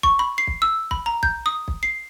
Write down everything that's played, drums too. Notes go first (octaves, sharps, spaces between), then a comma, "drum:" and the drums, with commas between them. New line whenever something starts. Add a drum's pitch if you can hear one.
C#6, drum: kick B1
B5
C7
drum: kick B1
E6
B5, drum: kick B1
A#5
G6, drum: kick B1
D#6
drum: kick B1
C7